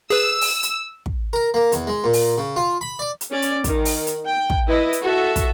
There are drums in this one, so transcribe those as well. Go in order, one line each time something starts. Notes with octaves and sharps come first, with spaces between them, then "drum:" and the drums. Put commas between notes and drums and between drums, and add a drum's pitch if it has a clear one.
G#4 B4 E6
drum: open hi-hat
drum: hi-hat
drum: kick
A#4
A#3
E2, drum: hi-hat
G#3
A#2
drum: open hi-hat
C#3
F4
B5
D5
drum: hi-hat
C#4 D5
drum: hi-hat
D#3, drum: kick, hi-hat
drum: open hi-hat
drum: hi-hat
G5
drum: kick
E4 B4 D#5
drum: hi-hat
F#4 A4 E5
drum: kick, hi-hat